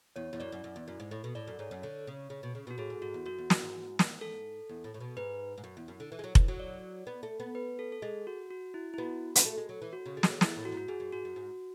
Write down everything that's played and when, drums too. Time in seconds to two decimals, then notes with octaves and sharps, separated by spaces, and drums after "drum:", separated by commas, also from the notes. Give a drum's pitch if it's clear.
0.16 E2 C#5
0.33 E2
0.40 F#2 D5
0.52 F#2
0.64 F#2
0.76 E2
0.88 F#2
1.00 G#2
1.11 A2
1.24 B2
1.35 A2 D5
1.47 F#2
1.59 G#2 C#5
1.71 F#2
1.82 D3 C#5
2.07 C#3
2.30 C#3
2.43 B2
2.55 C#3
2.67 B2 F#4
2.78 A2 G#4
2.90 G#2
3.02 G#2 F#4
3.14 E2
3.26 F#2 F#4
3.38 E2
3.50 F#2, drum: snare
3.62 G#2
3.99 drum: snare
4.21 A4
4.69 E2
4.84 A2
4.94 A2
5.00 B2
5.17 G#2 B4
5.58 G#2
5.64 F#2
5.77 E2
5.88 F#2
6.00 D3
6.12 E3
6.19 G#3
6.24 F#3
6.35 E3, drum: kick F1
6.48 F#3
6.60 D5
7.07 B3
7.23 A3
7.40 B3
7.55 B4
7.79 A4
7.92 A4
8.02 G#3 G#4
8.27 F#4
8.51 F#4
8.74 E4
8.94 E4
8.98 B3 F#4
9.35 B3, drum: hi-hat
9.46 A3
9.58 G#3
9.69 F#3
9.82 E3
9.93 F#4
10.06 C#3
10.17 D3 G#4
10.23 G#3, drum: snare
10.30 F#3
10.41 E3 E4, drum: snare
10.57 A2
10.65 F#4
10.72 G#2
10.77 F#4
10.88 F#2 G#4
11.00 F#2
11.12 G#2 F#4
11.25 F#2
11.36 G#2